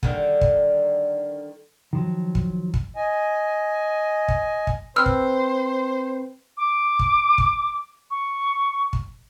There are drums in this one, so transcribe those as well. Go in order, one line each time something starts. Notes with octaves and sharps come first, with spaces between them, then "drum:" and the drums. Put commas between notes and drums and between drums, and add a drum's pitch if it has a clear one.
D3 D#3 G3, drum: kick
drum: kick
D#3 F3 F#3
drum: kick
drum: kick
D#5 G#5
drum: kick
drum: kick
C4 B4 C5 E6 F6
drum: kick
D6
drum: kick
drum: kick
C#6
drum: kick